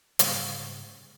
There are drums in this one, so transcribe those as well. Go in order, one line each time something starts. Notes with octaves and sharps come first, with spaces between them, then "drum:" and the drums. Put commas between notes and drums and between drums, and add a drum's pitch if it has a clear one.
G#2 C#3 G3 G#3, drum: hi-hat